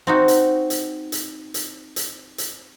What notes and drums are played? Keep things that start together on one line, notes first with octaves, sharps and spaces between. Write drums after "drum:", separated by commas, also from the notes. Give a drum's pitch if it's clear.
C4 D#4 F#4
drum: hi-hat
drum: hi-hat
drum: hi-hat
drum: hi-hat
drum: hi-hat
drum: hi-hat